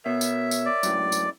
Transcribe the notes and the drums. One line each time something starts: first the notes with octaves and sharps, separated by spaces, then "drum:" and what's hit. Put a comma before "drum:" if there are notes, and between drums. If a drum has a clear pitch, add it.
B2 A#4 C#5 E5
drum: tambourine
drum: tambourine
D5
F#2 A2, drum: tambourine
drum: tambourine